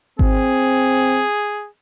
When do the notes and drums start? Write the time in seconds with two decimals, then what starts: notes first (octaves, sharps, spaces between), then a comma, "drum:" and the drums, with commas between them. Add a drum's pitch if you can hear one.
0.19 C4 G#4, drum: kick G#1